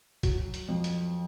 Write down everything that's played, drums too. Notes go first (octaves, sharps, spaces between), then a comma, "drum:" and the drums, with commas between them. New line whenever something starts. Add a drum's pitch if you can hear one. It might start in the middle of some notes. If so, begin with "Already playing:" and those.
F#3, drum: kick, hi-hat
drum: hi-hat
F2
drum: hi-hat